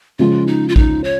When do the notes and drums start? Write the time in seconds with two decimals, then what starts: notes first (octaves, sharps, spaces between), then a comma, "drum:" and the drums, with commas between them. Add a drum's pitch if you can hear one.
0.19 C#3 F3 G#3 F4
0.48 D#4
0.69 F4
0.76 D#4, drum: kick A1
1.04 C#5